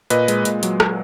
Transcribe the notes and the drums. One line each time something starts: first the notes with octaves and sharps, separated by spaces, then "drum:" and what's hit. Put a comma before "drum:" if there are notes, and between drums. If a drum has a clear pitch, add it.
A#2 B4 D#5, drum: hi-hat
G#3, drum: hi-hat
A#2, drum: hi-hat
F#3, drum: hi-hat
drum: rim click